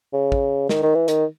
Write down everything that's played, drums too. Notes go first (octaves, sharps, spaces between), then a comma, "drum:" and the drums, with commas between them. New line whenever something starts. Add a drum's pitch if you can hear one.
C#3
drum: kick
D#3, drum: snare
D#3
E3
D#3, drum: hi-hat